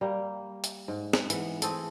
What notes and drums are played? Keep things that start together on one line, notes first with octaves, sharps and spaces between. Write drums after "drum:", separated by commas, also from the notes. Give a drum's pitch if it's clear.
G3 A#3 G4
drum: hi-hat
G#2
drum: snare
E3 F#5, drum: hi-hat
A3 C4 G#4 A4, drum: hi-hat